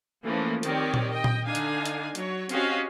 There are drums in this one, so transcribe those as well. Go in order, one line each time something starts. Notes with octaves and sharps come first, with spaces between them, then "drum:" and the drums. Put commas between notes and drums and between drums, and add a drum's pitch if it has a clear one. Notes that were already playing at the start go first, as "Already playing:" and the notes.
E3 F3 A3 A#3 C#4
D#3 C4 G4 C#5 D5, drum: hi-hat
drum: tom A#2
D#5 G5
drum: tom A#2
D3 D4 D#4 F5 G#5
drum: hi-hat
drum: hi-hat
F#3 C#5, drum: hi-hat
C4 C#4 F#4 G4 D#5 F5, drum: hi-hat